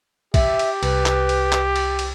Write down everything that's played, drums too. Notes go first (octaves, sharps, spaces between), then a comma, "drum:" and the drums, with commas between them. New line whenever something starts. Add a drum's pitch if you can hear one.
G4 E5, drum: kick, cymbal
drum: cymbal
C2 B4, drum: cymbal
drum: clap
drum: cymbal
drum: clap
drum: cymbal
drum: cymbal